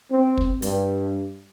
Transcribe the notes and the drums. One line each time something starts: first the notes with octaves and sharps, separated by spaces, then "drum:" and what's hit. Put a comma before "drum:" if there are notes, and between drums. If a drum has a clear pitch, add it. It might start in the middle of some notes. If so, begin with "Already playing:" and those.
C4
drum: kick
G2, drum: hi-hat